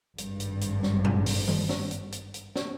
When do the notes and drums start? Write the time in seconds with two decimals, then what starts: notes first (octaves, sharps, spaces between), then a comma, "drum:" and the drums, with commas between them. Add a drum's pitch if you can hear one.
0.18 G#1 G2, drum: hi-hat
0.40 drum: hi-hat
0.61 drum: hi-hat
0.83 drum: snare
1.05 drum: tom A2
1.26 drum: open hi-hat
1.48 drum: tom D#3
1.69 drum: snare
1.91 drum: hi-hat
2.12 drum: hi-hat
2.34 drum: hi-hat
2.56 drum: snare